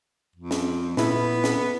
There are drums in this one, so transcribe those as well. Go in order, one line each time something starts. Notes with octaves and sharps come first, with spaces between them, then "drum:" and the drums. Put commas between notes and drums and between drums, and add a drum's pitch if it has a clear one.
F2
drum: snare
A#2 B3 E4, drum: snare
drum: snare